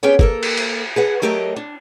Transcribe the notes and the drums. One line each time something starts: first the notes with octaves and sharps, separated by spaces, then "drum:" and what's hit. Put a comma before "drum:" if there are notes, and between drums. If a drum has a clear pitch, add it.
B3 C#4 G4 G#4 G5
A#3 A4 A#4, drum: kick G1
drum: cymbal
drum: cymbal
G#4 B4 F#5
F#3 A3 G4 A#4 D#5
D4